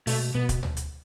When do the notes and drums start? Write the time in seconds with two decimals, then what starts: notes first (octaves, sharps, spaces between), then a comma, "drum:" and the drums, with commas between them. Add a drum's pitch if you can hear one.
0.07 B2 A3, drum: open hi-hat
0.35 B2 B3
0.49 drum: kick, hi-hat
0.63 drum: tom
0.77 drum: hi-hat